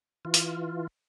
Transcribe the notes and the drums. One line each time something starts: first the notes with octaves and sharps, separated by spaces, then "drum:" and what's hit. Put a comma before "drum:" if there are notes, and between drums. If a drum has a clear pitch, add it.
E3 F4
drum: hi-hat